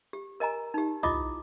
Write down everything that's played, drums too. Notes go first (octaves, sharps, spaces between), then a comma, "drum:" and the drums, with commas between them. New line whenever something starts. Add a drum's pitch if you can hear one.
G4
A#4 D#5 G#5 A#5
D#4 G4
E4 F4 D#5 D6 D#6, drum: tom C2